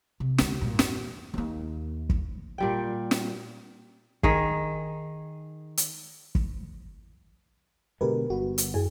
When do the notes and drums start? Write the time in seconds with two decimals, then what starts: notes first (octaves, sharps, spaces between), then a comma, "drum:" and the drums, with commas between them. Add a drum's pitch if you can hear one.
0.20 C3
0.38 C#2 D3, drum: snare
0.61 G2 A#2
0.79 E2, drum: snare
1.34 D#2 A#3
2.09 drum: kick
2.58 A#2 G3 G5
3.11 drum: snare
4.23 D#3 G#4, drum: kick
5.77 drum: hi-hat
6.35 drum: kick
8.01 B2 D3 G#3 G4 A#4 B4
8.30 G1 B3 F#4
8.58 drum: hi-hat
8.74 F#2 G#4 G#5